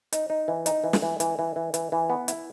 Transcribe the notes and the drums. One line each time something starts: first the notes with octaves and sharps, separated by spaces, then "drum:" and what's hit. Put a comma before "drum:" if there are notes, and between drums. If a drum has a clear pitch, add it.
D#4, drum: hi-hat
D#4
E3
D#4, drum: hi-hat
E3
drum: snare
E3
E3, drum: hi-hat
E3
E3
E3, drum: hi-hat
E3
B3
E4, drum: hi-hat